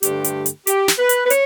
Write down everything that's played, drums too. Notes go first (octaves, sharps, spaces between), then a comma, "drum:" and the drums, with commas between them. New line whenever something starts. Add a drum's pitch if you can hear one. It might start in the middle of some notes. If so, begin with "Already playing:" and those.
G2 D3 A3 G4, drum: hi-hat
drum: hi-hat
drum: hi-hat
G4, drum: hi-hat
drum: snare
B4
drum: hi-hat
B4
C#5, drum: hi-hat